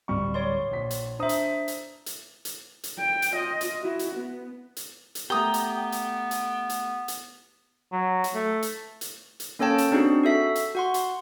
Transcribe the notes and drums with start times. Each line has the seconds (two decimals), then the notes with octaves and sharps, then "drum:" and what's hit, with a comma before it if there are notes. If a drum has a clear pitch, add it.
0.08 D1 G3 C#6
0.34 C#5 D5 C6
0.71 A#1 B6
0.91 drum: hi-hat
1.19 D4 C5 E5 A#5 D#6
1.29 drum: hi-hat
1.68 drum: hi-hat
2.06 drum: hi-hat
2.45 drum: hi-hat
2.84 drum: hi-hat
3.00 G5
3.22 drum: hi-hat
3.33 F4 D#5
3.61 drum: hi-hat
3.81 E4 F#4
3.99 drum: hi-hat
4.14 B3
4.76 drum: hi-hat
5.15 drum: hi-hat
5.30 A3 B3 G4 G5 A#5 D#6
5.54 drum: hi-hat
5.92 drum: hi-hat
6.31 drum: hi-hat
6.69 drum: hi-hat
7.08 drum: hi-hat
7.92 F#3
8.24 drum: hi-hat
8.35 A3
8.62 drum: hi-hat
9.01 drum: hi-hat
9.40 drum: hi-hat
9.59 A#3 C#4 A4 C#5 G5 A5
9.78 drum: hi-hat
9.91 C4 D4 D#4 F#4 G#4
10.23 F#4 A4 E5 B6
10.55 drum: hi-hat
10.75 F#4 F#5 C6
10.94 drum: hi-hat